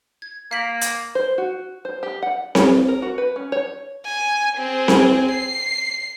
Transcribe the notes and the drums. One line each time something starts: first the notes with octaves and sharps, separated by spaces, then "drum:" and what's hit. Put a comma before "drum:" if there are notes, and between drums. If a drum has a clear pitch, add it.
G#6
A#3 F5 B6 F#7
drum: hi-hat
C5
F#4
C5
G4
F#5
C#5, drum: snare C4
A#4
F#4
B4
C#4
C#5
G#5
C4 G#4
drum: snare C4
C7